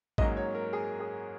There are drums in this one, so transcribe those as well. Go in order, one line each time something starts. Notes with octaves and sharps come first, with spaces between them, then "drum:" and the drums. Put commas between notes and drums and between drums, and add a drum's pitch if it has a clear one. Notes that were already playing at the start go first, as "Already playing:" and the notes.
G#2 F#3 A#3 C#4 D#5, drum: kick
C#5
A#4
G#4
G#4